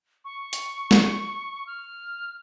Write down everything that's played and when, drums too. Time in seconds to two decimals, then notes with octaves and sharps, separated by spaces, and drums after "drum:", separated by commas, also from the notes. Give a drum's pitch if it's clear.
0.25 C#6
0.53 drum: hi-hat
0.91 drum: snare
1.67 F6